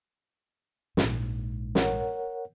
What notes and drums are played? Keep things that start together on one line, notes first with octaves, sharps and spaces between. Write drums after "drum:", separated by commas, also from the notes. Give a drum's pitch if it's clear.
A#1 G#2, drum: snare
A#4 C#5 F#5, drum: snare